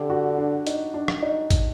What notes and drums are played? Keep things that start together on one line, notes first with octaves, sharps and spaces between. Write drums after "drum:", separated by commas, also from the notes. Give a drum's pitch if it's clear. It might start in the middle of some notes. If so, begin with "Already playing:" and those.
Already playing: D3 G4
F#4
D4
D#4, drum: hi-hat
D4
drum: rim click
D#4
drum: kick, hi-hat